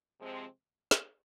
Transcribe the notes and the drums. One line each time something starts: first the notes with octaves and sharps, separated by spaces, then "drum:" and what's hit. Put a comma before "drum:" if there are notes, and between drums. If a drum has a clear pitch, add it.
C3 F3 G#3 C4
drum: snare